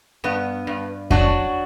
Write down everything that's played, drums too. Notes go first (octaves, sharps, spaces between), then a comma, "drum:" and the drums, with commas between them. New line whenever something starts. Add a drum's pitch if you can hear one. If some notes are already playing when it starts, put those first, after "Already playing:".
G2 B3
G2
F#3 D4 F#4, drum: kick F2